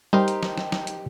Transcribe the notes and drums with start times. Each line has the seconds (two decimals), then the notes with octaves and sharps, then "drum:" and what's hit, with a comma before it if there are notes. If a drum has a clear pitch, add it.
0.13 G3 D#4 G4 A#4 C5
0.28 drum: hi-hat
0.43 drum: snare
0.57 drum: snare
0.72 drum: snare
0.87 drum: hi-hat